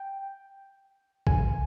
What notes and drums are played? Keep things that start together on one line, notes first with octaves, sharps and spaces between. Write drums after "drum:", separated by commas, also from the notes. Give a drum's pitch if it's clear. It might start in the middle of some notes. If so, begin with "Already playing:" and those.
Already playing: G5
G#5, drum: kick